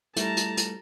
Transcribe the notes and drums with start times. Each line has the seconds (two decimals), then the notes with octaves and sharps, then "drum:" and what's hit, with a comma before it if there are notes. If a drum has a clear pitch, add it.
0.17 G3 A3 E4 A5 A#5, drum: hi-hat
0.37 drum: hi-hat
0.57 drum: hi-hat